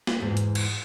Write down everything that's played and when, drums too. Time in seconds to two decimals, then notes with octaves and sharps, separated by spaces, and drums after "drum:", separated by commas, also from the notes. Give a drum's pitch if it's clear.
0.07 drum: snare
0.20 E2 G#2
0.37 drum: hi-hat
0.55 drum: cymbal